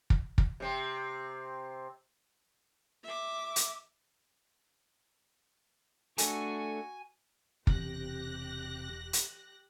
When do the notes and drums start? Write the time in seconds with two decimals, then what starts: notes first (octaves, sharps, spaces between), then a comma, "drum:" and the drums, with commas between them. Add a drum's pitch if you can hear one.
0.10 drum: kick
0.38 drum: kick
0.60 C3 C4
3.04 E5 D6
3.56 drum: hi-hat
6.18 A3 D4 F#4 A4 G#5, drum: hi-hat
7.67 E1 C3 G4 F#6 A#6, drum: kick
9.13 drum: hi-hat